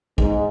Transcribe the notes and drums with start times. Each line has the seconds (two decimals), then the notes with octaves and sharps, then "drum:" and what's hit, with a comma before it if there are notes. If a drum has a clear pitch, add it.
0.18 G#2, drum: kick